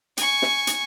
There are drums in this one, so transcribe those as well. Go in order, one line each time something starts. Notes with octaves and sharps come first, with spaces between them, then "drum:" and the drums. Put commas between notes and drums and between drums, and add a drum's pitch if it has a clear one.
G#5 C#6, drum: hi-hat
drum: snare
drum: hi-hat